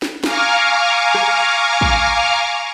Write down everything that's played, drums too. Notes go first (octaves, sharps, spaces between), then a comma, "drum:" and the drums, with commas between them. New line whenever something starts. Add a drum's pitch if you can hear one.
drum: snare
F5 G#5 A#5 C#6 D6 F6, drum: snare
drum: rim click
drum: kick